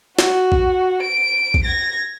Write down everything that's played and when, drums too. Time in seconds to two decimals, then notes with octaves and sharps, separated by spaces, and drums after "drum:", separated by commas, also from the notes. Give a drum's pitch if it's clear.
0.19 F#4, drum: snare
0.52 drum: kick A1
1.02 D7
1.54 drum: kick A1
1.64 G#6 A#6